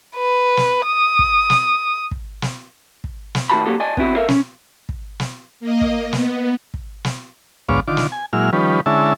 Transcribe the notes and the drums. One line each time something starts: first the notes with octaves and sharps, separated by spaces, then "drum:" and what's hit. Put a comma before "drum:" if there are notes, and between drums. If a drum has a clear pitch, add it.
B4
drum: snare
D#6
drum: kick
drum: snare
drum: kick
drum: snare
drum: kick
drum: snare
A2 D#3 F#4 A5 B5
F#2 A#2 A#3 F#4 G4 A4
D5 D#5 G#5 A5
B3 C4 E4 F#4, drum: kick
A4 A#4 E5 F5
C#4, drum: snare
drum: kick
drum: snare
A#3 D#5
drum: kick
B3, drum: snare
drum: kick
drum: snare
D2 G#2 B3 C#5 F5 D6, drum: kick
D3 D#3 F4 D6
drum: snare
G#5
A#2 F#3 G#3 E4 F6
D#3 F3 G3 C#4 B4
D3 G#3 C#4 E4 E5 A5